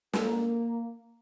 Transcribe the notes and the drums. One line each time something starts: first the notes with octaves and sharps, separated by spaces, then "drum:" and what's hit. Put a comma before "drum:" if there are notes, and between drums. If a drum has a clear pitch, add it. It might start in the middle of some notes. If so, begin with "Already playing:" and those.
A#3, drum: snare